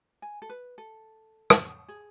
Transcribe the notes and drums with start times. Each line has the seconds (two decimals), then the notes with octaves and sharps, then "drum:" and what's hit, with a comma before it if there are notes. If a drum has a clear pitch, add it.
0.22 G#5
0.42 A4
0.49 B4
0.78 A4
1.50 drum: rim click
1.88 G#4